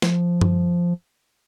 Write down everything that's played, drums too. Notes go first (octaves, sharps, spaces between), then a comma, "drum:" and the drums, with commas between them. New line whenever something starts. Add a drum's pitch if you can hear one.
F3, drum: snare
drum: tom F#2